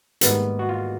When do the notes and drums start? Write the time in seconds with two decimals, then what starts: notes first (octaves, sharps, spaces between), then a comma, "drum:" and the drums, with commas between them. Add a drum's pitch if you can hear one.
0.21 G#2 D#3 G3 A#3 B3, drum: hi-hat
0.59 F#4
0.69 F4